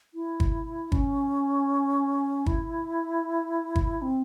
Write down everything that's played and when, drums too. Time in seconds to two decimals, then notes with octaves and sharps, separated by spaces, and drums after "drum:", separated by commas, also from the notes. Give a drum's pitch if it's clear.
0.14 E4
0.40 drum: kick G1
0.92 C#4, drum: kick G1
2.46 E4, drum: kick G1
3.76 drum: kick G1
4.02 C4